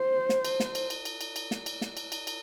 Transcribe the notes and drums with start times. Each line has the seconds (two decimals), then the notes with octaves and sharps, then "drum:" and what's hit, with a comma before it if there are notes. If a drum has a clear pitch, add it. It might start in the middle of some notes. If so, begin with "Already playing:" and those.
Already playing: C5
0.29 drum: snare
0.45 drum: cymbal
0.60 drum: snare
0.75 drum: cymbal
0.90 drum: cymbal
1.05 drum: cymbal
1.21 drum: cymbal
1.36 drum: cymbal
1.51 drum: snare
1.66 drum: cymbal
1.81 drum: snare
1.97 drum: cymbal
2.12 drum: cymbal
2.27 drum: cymbal